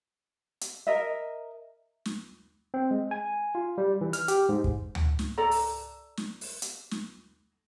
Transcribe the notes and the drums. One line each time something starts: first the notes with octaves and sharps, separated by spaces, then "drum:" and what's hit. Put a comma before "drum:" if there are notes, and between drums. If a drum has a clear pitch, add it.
drum: hi-hat
A#4 D#5 E5
drum: snare
C4
G#3
G#5
F4
G3
E3
F6, drum: hi-hat
G4, drum: hi-hat
G#2
drum: kick
drum: tom D2
drum: snare
A4 D5 A#5
drum: open hi-hat
drum: snare
drum: open hi-hat
drum: hi-hat
drum: snare